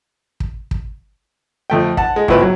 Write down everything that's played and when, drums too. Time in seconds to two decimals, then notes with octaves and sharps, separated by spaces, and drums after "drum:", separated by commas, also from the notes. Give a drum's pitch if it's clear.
0.40 drum: kick
0.71 drum: kick
1.70 F2 A3 G5
1.97 F#5 A5, drum: kick
2.16 G#3
2.28 G#1 C#2 A#2 E4 B4, drum: kick
2.41 F#3